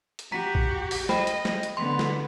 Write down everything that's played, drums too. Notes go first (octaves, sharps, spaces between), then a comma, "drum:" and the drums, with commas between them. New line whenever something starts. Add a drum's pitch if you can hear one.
drum: hi-hat
F#4 G4 A#5 B6
drum: kick A#1
drum: open hi-hat
C5 D#5 G5 B5, drum: snare
drum: hi-hat
drum: snare
drum: hi-hat
D3 B3 C6
drum: snare